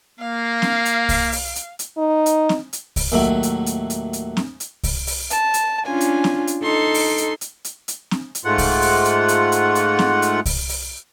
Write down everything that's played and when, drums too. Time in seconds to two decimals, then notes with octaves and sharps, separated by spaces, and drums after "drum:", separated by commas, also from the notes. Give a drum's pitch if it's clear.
0.20 A#3 F5
0.62 drum: snare C4
0.85 drum: hi-hat
1.09 drum: kick C2, open hi-hat
1.32 drum: open hi-hat
1.56 drum: hi-hat
1.79 drum: hi-hat
1.98 D#4
2.26 drum: hi-hat
2.49 drum: snare C4
2.73 drum: hi-hat
2.96 drum: kick C2, open hi-hat
3.12 D#2 A2 F#3 E5
3.43 drum: hi-hat
3.66 drum: hi-hat
3.90 drum: hi-hat
4.13 drum: hi-hat
4.37 drum: snare C4
4.60 drum: hi-hat
4.83 drum: kick C2, open hi-hat
5.07 drum: open hi-hat
5.30 A5, drum: hi-hat
5.54 drum: hi-hat
5.85 C#4 D4 F4 G#5
6.01 drum: hi-hat
6.24 drum: snare C4
6.47 drum: hi-hat
6.63 D#4 A4 C6
6.94 drum: open hi-hat
7.18 drum: hi-hat
7.41 drum: hi-hat
7.64 drum: hi-hat
7.88 drum: hi-hat
8.11 drum: snare C4
8.35 drum: hi-hat
8.45 G#2 G#3 A3 F4 F#5
8.58 drum: kick C2, open hi-hat
8.82 drum: open hi-hat
9.05 drum: hi-hat
9.28 drum: hi-hat
9.52 drum: hi-hat
9.75 drum: hi-hat
9.99 drum: snare C4
10.22 drum: hi-hat
10.46 drum: kick C2, open hi-hat
10.69 drum: open hi-hat